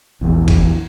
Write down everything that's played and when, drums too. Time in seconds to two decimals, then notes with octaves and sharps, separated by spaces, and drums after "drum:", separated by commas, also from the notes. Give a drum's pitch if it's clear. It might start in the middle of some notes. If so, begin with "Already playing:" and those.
0.21 A#1 E2
0.48 drum: kick F#1, cymbal